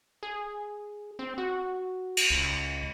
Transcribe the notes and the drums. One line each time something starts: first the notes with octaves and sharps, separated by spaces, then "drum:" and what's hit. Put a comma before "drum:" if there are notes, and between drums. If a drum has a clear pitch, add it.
G#4
C4
F#4
drum: cymbal
C#2